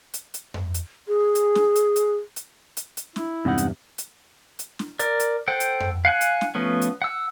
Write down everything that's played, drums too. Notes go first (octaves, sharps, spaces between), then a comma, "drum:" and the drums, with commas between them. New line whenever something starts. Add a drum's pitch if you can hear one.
drum: hi-hat
drum: hi-hat
drum: tom F2
drum: hi-hat
G#4
drum: hi-hat
drum: snare
drum: hi-hat
drum: hi-hat
drum: hi-hat
drum: hi-hat
drum: hi-hat
E4, drum: snare
E2 G2 C3 G#3 D#4 F#5
drum: hi-hat
drum: hi-hat
drum: hi-hat
drum: snare
A#4 D5, drum: hi-hat
drum: hi-hat
A4 C5 F#5 G5
drum: hi-hat
drum: tom F2
F5 F#5 G#5 F#6
drum: hi-hat
drum: snare
F3 A3 B3 C#4
drum: hi-hat
F#5 E6